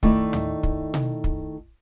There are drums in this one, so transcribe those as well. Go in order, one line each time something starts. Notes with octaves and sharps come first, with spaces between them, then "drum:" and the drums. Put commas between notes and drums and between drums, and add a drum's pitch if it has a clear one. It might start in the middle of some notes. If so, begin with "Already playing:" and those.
D#3 A3 D#4 E4 D5, drum: kick
drum: tom
drum: kick
drum: tom B2
drum: kick